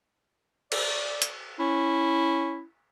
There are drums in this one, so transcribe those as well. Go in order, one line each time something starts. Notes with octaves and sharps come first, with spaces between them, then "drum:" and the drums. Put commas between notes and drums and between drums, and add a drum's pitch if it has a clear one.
D5, drum: cymbal
drum: hi-hat
C#4 E4